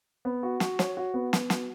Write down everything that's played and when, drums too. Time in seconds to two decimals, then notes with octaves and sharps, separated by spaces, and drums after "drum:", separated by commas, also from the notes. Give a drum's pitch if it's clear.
0.25 B3
0.43 F#4
0.60 F#4, drum: snare
0.79 C#5, drum: snare
0.97 F#4
1.14 B3
1.33 B3, drum: snare
1.50 F#4, drum: snare